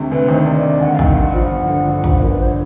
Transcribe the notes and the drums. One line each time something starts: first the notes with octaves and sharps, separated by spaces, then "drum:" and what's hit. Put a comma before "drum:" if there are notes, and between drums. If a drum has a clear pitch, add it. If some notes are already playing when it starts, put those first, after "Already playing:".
Already playing: D2 C3
D2 B4
D#3 C5
C#5
C3 D5
D2
D2 F#5
F5
D#3 F#5, drum: kick
G2
F3
G1
D3
G2
F3, drum: kick
G1 A#4
B4
D3 C5
C#5